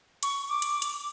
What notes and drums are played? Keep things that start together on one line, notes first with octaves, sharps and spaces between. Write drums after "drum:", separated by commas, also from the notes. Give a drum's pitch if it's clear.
C#6, drum: hi-hat
D6
drum: hi-hat
drum: hi-hat